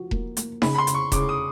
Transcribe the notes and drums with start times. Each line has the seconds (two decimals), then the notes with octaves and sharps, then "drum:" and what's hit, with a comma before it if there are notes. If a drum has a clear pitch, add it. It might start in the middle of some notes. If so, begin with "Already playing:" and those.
Already playing: F3 F#4
0.11 A#3, drum: kick E1
0.37 A#3, drum: hi-hat
0.62 C#3 B5, drum: snare D#4
0.75 B5
0.78 C6
0.87 C#3, drum: hi-hat
0.94 C#6
1.12 C#3 D6, drum: kick E1, hi-hat
1.29 D#6